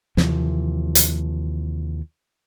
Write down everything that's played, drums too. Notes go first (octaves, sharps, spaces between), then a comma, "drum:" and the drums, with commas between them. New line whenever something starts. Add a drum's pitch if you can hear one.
D#2 C3 E3 F3, drum: snare
drum: hi-hat